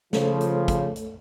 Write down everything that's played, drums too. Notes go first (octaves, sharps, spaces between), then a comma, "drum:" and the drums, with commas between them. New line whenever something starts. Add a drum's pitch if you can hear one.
C#3 F3 A3 A4 C#5, drum: snare
drum: hi-hat
drum: kick, hi-hat
drum: hi-hat